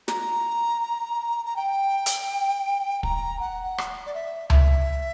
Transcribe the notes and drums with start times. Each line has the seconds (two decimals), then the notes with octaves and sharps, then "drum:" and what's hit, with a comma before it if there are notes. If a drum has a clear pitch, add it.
0.08 A#5, drum: snare
1.46 A#5
1.56 G5
2.06 drum: hi-hat
3.03 A#5, drum: kick
3.40 F#5
3.78 drum: rim click
4.06 D5
4.14 E5
4.50 E5, drum: tom C#2